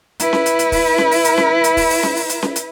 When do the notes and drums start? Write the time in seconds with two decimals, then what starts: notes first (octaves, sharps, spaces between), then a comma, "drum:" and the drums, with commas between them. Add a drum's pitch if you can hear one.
0.20 E4 B4, drum: hi-hat
0.33 drum: snare C#4
0.46 drum: hi-hat
0.59 drum: hi-hat
0.72 drum: kick, open hi-hat
0.98 drum: snare C#4
1.11 drum: open hi-hat
1.24 drum: hi-hat
1.38 drum: snare C#4
1.64 drum: hi-hat
1.77 drum: kick, open hi-hat
1.90 drum: open hi-hat
2.03 drum: snare C#4
2.16 drum: open hi-hat
2.29 drum: hi-hat
2.42 drum: snare C#4
2.56 drum: hi-hat